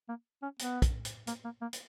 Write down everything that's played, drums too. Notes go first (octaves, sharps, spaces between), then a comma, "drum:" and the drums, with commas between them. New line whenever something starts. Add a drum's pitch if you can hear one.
A#3
C#4
B3, drum: hi-hat
drum: kick, hi-hat
drum: hi-hat
A#3, drum: hi-hat
A#3
A#3
drum: hi-hat